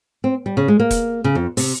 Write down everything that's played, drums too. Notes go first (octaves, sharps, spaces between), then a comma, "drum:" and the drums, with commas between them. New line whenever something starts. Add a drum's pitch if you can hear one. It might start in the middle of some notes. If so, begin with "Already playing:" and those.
C4
G3
C#3
G#3
A#3
drum: kick, hi-hat
C#3
F2
C3, drum: open hi-hat